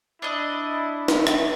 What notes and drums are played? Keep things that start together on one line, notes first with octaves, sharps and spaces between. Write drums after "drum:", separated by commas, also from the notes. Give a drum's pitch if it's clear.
D4 E4 D#5
drum: snare
drum: rim click